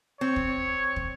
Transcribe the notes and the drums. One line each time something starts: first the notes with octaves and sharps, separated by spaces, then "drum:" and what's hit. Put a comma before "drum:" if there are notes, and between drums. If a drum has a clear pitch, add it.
C4 C#5
drum: kick
drum: kick